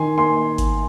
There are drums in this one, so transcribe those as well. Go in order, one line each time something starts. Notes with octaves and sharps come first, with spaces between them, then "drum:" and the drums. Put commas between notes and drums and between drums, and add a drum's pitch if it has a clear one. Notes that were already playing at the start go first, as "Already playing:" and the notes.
Already playing: D#3 G#5 C6
A#3 G#5 C6
drum: kick G#1, hi-hat